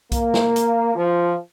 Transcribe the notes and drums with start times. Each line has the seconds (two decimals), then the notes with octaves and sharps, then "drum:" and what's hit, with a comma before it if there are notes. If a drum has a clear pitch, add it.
0.12 A#3, drum: kick B1, hi-hat
0.34 drum: snare
0.56 drum: hi-hat
0.94 F3